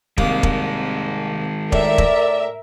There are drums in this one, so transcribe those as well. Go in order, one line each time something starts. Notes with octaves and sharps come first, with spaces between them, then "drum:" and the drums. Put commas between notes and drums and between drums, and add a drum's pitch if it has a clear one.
C2 D#3 G#3 A#3, drum: kick E1
drum: kick E1
A2 A#4 D5 E5, drum: kick E1
drum: kick E1